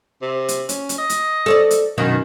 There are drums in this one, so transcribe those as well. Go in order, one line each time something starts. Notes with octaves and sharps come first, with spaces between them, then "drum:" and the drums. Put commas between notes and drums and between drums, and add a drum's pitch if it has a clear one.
C3
drum: hi-hat
C#4, drum: hi-hat
drum: hi-hat
D#5
drum: hi-hat
A4 C#5 D5
drum: hi-hat
F#2 B2 D#3 F#4